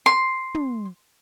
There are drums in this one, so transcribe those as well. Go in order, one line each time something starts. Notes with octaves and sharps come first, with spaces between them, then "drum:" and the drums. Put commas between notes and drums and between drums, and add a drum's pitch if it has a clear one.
C6
drum: tom